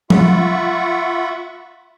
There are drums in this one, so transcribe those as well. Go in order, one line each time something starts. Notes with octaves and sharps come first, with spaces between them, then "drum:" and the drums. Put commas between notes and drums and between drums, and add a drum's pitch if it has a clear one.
F4 E5 F#5 B5 C#6, drum: tom F3